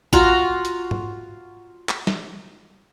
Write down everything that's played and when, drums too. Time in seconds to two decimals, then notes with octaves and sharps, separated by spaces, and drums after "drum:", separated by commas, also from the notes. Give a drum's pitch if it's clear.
0.13 F4 F#4 A#5, drum: kick
0.65 drum: hi-hat
0.91 drum: tom
1.89 drum: clap
2.07 drum: snare